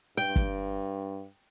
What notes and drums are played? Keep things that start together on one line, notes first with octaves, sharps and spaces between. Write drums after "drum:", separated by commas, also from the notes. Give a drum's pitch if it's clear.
G2 G5
drum: kick